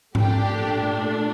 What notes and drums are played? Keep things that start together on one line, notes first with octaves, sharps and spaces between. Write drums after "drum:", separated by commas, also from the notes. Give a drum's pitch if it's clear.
A#2 A3 D4 G4, drum: tom G#2